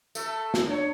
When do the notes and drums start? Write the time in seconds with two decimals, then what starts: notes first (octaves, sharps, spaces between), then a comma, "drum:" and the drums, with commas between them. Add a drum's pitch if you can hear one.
0.15 A3 A4, drum: tambourine
0.54 drum: snare
0.66 D4 C#5